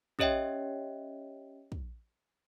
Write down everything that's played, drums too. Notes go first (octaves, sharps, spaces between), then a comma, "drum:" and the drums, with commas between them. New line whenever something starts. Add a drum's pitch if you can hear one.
C#4 G4 C#5 D#5 E5 G5, drum: kick
drum: kick